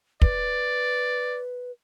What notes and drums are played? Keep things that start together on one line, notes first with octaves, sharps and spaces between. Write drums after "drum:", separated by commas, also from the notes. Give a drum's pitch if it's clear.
B4 D5, drum: kick